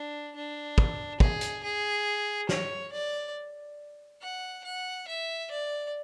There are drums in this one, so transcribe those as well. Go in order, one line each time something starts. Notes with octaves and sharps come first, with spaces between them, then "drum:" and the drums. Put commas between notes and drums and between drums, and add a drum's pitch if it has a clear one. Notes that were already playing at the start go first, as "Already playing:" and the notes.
Already playing: D4
D4
drum: kick
G#4, drum: kick
drum: hi-hat
G#4
C#5, drum: snare
D5
F#5
F#5
E5
D5